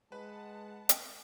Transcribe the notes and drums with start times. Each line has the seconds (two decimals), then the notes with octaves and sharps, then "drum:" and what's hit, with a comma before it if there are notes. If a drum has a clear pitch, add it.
0.12 G#3 B4 F#5 A5
0.89 drum: hi-hat